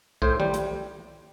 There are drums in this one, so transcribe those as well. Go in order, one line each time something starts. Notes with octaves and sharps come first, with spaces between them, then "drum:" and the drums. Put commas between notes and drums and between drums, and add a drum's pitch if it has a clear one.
A2 C5, drum: kick
G3, drum: tom D#3
drum: hi-hat